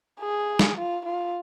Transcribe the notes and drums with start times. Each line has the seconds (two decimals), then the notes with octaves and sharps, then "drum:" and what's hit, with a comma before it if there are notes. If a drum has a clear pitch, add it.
0.20 G#4
0.59 drum: snare
0.78 F4
1.06 F4